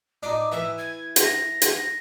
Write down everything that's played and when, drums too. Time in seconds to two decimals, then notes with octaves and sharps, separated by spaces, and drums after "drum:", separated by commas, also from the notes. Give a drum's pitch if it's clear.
0.23 D4 D#4 D6
0.52 E3 E6
0.78 G#6
1.16 A#6, drum: hi-hat
1.62 drum: hi-hat